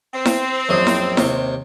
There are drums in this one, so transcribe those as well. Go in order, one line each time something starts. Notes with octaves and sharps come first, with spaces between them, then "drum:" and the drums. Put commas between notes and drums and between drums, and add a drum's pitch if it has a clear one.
C4
drum: snare E4
A#1 F#2 D#5
drum: snare E4
D#2 C3, drum: snare E4